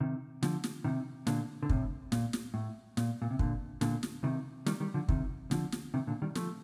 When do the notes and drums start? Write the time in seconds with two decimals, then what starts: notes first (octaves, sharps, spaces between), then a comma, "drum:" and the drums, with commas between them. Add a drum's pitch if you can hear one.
0.01 C3 D#3
0.43 D3 F3, drum: snare
0.64 drum: snare
0.84 C3 D#3
1.27 A#2 D3, drum: snare
1.63 D3
1.69 A2 C3, drum: kick
2.12 A#2, drum: snare
2.33 drum: snare
2.54 A2
2.97 A#2, drum: snare
3.22 A#2
3.31 C3
3.39 A#2 D3, drum: kick
3.81 A#2 D3, drum: snare
4.03 drum: snare
4.24 C3 D#3
4.66 D#3 G3, drum: snare
4.80 D#3 G3
4.94 D3 F3
5.08 C3 D#3, drum: kick
5.51 D3 F3, drum: snare
5.72 drum: snare
5.94 C3 D#3
6.07 A#2 D3
6.22 D#3 G3
6.35 F3 A3, drum: snare